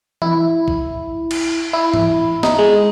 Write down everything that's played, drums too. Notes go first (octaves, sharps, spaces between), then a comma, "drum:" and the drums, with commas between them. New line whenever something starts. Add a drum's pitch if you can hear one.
E4, drum: tom E3
drum: kick A1
drum: cymbal
E4
drum: tom G#2
D#4, drum: snare
G#3